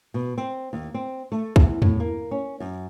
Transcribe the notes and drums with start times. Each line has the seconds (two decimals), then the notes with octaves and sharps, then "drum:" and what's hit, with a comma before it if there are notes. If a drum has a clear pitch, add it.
0.14 B2
0.38 C4
0.73 D#2
0.94 C4
1.32 A3
1.56 E2, drum: kick B1
1.82 A2, drum: tom E2
2.00 A#3
2.31 C#4
2.60 F#2